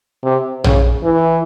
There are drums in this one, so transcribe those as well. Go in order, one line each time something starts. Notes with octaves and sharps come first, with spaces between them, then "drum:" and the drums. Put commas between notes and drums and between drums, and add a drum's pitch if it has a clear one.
C3
C#3, drum: tom A#1
E3